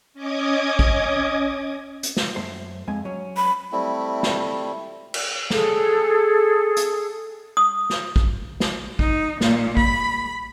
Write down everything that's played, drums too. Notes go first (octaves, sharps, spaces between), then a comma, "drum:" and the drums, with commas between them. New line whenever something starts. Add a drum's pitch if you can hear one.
C#4 D#5 D6 D#6 G#6
drum: kick
drum: hi-hat
drum: snare
F#2 A3 C5
F2 G#3 G#5
F#3 C#4
B5
G3 A3 C4 E4
drum: snare
drum: cymbal
G#4 A4, drum: snare
drum: hi-hat
D#6
drum: snare
drum: kick
drum: snare
D#4, drum: kick
A#2, drum: snare
B5, drum: kick